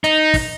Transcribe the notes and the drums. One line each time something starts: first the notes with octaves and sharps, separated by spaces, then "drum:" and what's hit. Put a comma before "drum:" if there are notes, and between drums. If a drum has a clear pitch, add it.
D#4, drum: hi-hat
drum: kick, open hi-hat